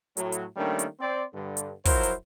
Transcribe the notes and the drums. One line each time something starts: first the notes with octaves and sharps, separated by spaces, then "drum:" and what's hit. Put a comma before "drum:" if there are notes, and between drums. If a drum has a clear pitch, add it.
A2 F#3, drum: hi-hat
drum: hi-hat
D#3 G3 A3 A#3 C#4 D4
drum: hi-hat
C4 D5 C6
G2 D3
drum: hi-hat
F3 F#3 E4 A#4 C5, drum: kick, open hi-hat
drum: hi-hat